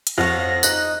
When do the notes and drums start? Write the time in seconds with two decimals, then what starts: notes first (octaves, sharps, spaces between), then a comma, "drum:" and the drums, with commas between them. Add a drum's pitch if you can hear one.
0.07 drum: hi-hat
0.18 F2 C#5 F5 F#5 A#6
0.63 D#4 D#5 F#6, drum: tambourine